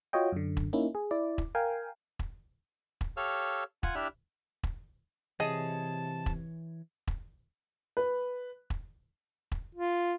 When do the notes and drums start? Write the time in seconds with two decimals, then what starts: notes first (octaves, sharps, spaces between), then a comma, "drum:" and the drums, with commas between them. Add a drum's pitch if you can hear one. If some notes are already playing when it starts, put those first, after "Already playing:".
0.13 F4 F#4 C#5 D#5 G5
0.32 F#2 D3
0.57 drum: kick E1
0.73 A#3 C#4 D#4 E4
0.95 G#4
1.11 E4 D5
1.38 drum: kick E1
1.55 A#4 F5 G5 G#5
2.19 drum: kick E1
3.01 drum: kick E1
3.17 G4 A4 C#5 F5 E6 F6
3.83 F4 F#5 G#5, drum: kick E1
3.95 D4 E4 G4 E5 F6 F#6
4.63 drum: kick E1
5.40 C3 E3 G#4 C#5 D#5 A5
6.26 drum: kick E1
7.08 drum: kick E1
7.97 B4
8.70 drum: kick E1
9.52 drum: kick E1
9.75 F4